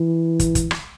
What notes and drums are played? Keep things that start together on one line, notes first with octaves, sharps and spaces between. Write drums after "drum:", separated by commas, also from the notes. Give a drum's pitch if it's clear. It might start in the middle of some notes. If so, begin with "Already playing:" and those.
Already playing: E3
drum: kick, hi-hat
drum: kick, hi-hat
drum: rim click